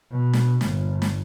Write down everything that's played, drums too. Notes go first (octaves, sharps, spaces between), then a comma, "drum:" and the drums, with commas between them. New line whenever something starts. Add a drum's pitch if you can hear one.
B2
drum: snare
G1 A#2, drum: snare
drum: snare